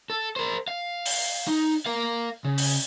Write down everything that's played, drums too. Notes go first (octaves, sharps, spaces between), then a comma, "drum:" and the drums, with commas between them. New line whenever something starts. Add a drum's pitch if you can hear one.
A4
A#4 C5
F5
drum: open hi-hat
D#4
A#4 F5
C#3
drum: open hi-hat